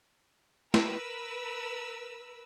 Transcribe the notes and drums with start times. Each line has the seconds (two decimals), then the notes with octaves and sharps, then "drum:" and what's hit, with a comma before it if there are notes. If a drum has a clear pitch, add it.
0.74 A#4 B4 E6, drum: snare